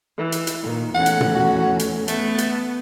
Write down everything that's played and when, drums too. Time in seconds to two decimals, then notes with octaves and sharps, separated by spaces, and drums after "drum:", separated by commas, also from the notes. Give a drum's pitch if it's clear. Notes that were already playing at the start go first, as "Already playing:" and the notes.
0.16 E3
0.32 drum: hi-hat
0.47 drum: hi-hat
0.63 A#2 D#3
0.95 E2 A3 C#4 F#5
1.06 drum: hi-hat
1.21 drum: tom
1.35 F#4
1.79 drum: hi-hat
2.08 A3 B3, drum: hi-hat
2.38 drum: hi-hat